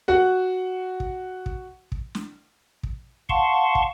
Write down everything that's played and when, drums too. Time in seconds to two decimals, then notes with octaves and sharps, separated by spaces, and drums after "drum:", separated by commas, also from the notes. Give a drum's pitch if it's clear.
0.08 F#4 F#5
1.00 drum: kick
1.46 drum: kick
1.92 drum: kick
2.15 drum: snare
2.83 drum: kick
3.29 F5 F#5 A5 C6 C#6, drum: kick
3.75 drum: kick